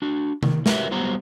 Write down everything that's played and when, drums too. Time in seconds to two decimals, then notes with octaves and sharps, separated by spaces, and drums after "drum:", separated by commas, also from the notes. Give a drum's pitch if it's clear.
0.02 D4 F#4
0.43 D#3, drum: tom C3
0.66 F#4 G4 A#4 B4 C#5 E5, drum: snare
0.91 F#3 G3 B3 G4 C5 A#5